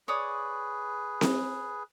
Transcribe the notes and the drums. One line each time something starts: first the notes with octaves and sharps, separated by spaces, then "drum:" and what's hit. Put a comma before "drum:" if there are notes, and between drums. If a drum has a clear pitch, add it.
G#4 B4 C#5 D5 D#6
drum: snare C4